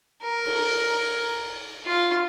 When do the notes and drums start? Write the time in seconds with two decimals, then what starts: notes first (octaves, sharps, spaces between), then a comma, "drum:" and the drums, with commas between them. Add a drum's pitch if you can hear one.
0.23 A#4
0.45 drum: cymbal
1.86 F4